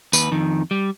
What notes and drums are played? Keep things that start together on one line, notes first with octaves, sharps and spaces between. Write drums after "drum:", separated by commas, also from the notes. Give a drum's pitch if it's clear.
D#2 B4, drum: tambourine
F2 D#3
G3